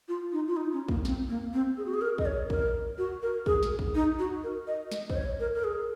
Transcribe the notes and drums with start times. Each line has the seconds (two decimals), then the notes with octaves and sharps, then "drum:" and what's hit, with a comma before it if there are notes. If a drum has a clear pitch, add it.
0.08 F4
0.32 D#4
0.48 F4
0.57 D#4
0.73 C#4
0.88 A#3, drum: kick
1.05 C4, drum: snare
1.29 A#3
1.53 C4
1.78 G#4
1.86 F#4
1.94 G#4
2.02 A#4
2.18 D#5, drum: kick
2.26 C#5
2.50 A#4, drum: kick
2.98 F#4
3.22 A#4
3.46 G#4, drum: kick
3.63 drum: snare
3.79 drum: kick
3.95 D#4
4.19 F#4
4.44 A#4
4.67 D#5
4.92 D#5, drum: snare
5.10 C5, drum: kick
5.16 C#5
5.40 A#4
5.55 A#4
5.64 G#4